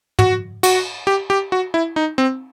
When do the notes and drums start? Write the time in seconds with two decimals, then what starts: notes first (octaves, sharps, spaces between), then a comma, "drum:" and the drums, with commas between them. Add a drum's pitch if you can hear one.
0.19 F#4, drum: tom
0.63 F#4, drum: cymbal
1.07 G4
1.30 G4
1.52 F#4
1.74 E4
1.96 D#4
2.18 C4